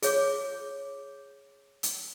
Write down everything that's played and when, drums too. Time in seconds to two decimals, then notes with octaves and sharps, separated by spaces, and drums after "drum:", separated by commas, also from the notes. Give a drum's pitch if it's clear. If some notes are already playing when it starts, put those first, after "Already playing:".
0.02 G#4 C#5 D6, drum: hi-hat
1.83 drum: hi-hat